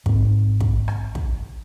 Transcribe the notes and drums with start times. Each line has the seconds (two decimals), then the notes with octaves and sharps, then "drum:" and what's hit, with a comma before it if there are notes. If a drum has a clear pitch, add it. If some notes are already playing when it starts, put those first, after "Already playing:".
0.06 G#2 C4, drum: kick
0.60 drum: kick
0.88 drum: rim click
1.15 drum: kick